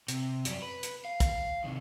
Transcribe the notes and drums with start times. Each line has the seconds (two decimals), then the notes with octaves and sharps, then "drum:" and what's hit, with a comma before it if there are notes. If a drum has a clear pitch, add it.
0.08 C3, drum: hi-hat
0.45 F#2 G3, drum: hi-hat
0.62 B4
0.83 drum: hi-hat
1.05 F5
1.20 drum: kick, hi-hat
1.64 C3 D#3